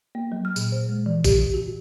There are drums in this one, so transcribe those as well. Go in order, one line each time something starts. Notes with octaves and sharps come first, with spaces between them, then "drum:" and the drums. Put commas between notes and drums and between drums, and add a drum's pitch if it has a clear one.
A#3
F#3
F6
A#2, drum: tambourine
C5
G#3
E3
G4, drum: kick, tambourine
F#4